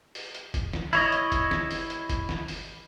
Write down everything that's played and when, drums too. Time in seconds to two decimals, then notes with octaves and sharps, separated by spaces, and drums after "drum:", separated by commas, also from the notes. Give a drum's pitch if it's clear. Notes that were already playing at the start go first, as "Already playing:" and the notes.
0.15 drum: open hi-hat
0.35 drum: hi-hat
0.54 drum: kick, hi-hat
0.73 drum: snare
0.93 E4 C#5 D#5, drum: open hi-hat
1.12 drum: hi-hat
1.32 drum: kick, hi-hat
1.51 drum: snare
1.71 drum: open hi-hat
1.90 drum: hi-hat
2.09 drum: kick, hi-hat
2.29 drum: snare
2.48 drum: open hi-hat